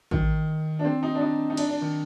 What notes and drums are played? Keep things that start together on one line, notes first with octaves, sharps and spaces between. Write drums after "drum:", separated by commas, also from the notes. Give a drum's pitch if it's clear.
D#3, drum: kick
D4
C4
D#4
D4
D#4
D#4
D4, drum: cymbal
D4
D#3